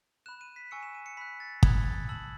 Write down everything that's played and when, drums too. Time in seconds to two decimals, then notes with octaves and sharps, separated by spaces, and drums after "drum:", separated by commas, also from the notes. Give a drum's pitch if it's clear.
0.26 B5 F#6 E7
0.41 D#7
0.56 B6
0.71 G#5 C#6 E6 C#7
0.83 E7
0.95 D#7
1.06 C#7
1.17 B5 F#6 B6
1.40 A6
1.63 B5 D#6 F#6 G#6, drum: kick
1.85 A6
2.09 A5 E6 F#7